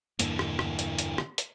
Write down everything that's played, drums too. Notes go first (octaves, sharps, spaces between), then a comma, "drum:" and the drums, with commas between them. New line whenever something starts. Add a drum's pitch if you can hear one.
E2 G2 D3 E3 A#3, drum: hi-hat
drum: rim click
drum: rim click
drum: hi-hat
drum: hi-hat
drum: rim click
drum: hi-hat